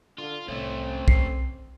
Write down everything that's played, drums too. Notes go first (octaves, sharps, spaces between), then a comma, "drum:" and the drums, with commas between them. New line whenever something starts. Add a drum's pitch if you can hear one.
D3 F4
C2 A2 A3 C4 C#4
C#3 C7, drum: kick